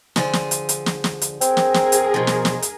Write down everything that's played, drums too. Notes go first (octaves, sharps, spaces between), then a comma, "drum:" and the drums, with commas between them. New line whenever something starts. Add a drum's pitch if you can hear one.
D3 F3 G#4, drum: snare
drum: snare
drum: hi-hat
drum: hi-hat
drum: snare
drum: snare
drum: hi-hat
C4 G#4 A#4, drum: hi-hat
drum: snare
drum: snare
drum: hi-hat
B2 F3
drum: snare
drum: snare
drum: hi-hat